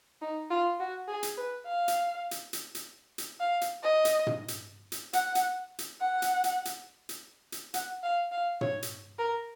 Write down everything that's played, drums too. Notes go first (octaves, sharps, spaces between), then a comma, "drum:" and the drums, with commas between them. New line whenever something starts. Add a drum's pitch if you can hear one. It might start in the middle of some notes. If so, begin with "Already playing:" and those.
D#4
F4
F#4
G#4
drum: hi-hat
B4
F5
drum: hi-hat
drum: hi-hat
drum: hi-hat
drum: hi-hat
drum: hi-hat
F5
drum: hi-hat
D#5
drum: hi-hat
drum: tom
drum: hi-hat
drum: hi-hat
F#5, drum: hi-hat
drum: hi-hat
drum: hi-hat
F#5
drum: hi-hat
drum: hi-hat
drum: hi-hat
drum: hi-hat
drum: hi-hat
F#5, drum: hi-hat
F5
F5
C#5, drum: tom
drum: hi-hat
A#4